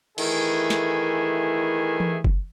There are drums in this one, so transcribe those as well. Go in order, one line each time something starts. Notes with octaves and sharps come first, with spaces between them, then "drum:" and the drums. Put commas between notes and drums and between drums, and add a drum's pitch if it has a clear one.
D#3 E3 A3 E4 G#4, drum: cymbal
drum: snare
drum: tom E3
drum: kick F#1